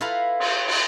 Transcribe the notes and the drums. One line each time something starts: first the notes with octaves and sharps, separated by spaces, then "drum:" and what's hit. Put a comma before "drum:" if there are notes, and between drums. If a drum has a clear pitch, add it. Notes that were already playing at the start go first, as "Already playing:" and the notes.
E4 F4 A4 B4 F5 A#5
drum: cymbal
drum: cymbal